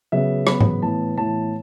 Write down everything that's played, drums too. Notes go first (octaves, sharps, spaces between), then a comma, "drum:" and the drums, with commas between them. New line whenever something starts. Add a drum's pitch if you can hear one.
C#3 F#3 B3 E5
C#3 F#3 B3 B5, drum: rim click
drum: tom G#2
A2 E3 B3 A5
A2 E3 B3 A5